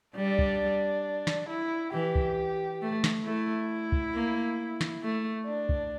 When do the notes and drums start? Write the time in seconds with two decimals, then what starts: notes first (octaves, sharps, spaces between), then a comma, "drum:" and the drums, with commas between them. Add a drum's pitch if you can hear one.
0.16 G3 D4
0.39 drum: kick
1.27 drum: snare
1.49 E4
1.93 E3 G4
2.15 drum: kick
2.82 A3
3.04 drum: snare
3.25 A3 E4
3.92 drum: kick
4.14 A#3
4.81 drum: snare
5.03 A3
5.46 D4
5.69 drum: kick